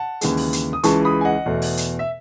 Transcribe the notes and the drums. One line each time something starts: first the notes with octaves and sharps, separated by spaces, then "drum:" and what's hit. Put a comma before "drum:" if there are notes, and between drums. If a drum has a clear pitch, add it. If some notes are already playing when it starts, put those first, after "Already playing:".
Already playing: F#5 A5
D#2 C#3 E3 G#3, drum: hi-hat
drum: open hi-hat
drum: hi-hat
D#6
C#2 C#3 E3 G#3 A5 C#6, drum: hi-hat
B5 D#6
G#5
D#5 F#5
E2 B2 A3
drum: open hi-hat
drum: hi-hat
E5